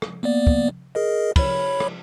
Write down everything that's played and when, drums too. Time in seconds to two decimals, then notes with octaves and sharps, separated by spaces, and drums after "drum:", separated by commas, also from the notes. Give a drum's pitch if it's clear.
0.02 drum: rim click
0.23 A#3 B3 D5
0.47 drum: kick
0.95 G#4 A#4 D#5
1.36 C#5 B5, drum: kick, cymbal
1.80 drum: rim click